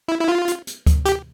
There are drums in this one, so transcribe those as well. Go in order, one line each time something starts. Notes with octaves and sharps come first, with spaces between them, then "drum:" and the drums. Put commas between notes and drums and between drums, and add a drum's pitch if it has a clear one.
E4
E4
F4
drum: hi-hat
drum: hi-hat
drum: kick D2, hi-hat
G4, drum: hi-hat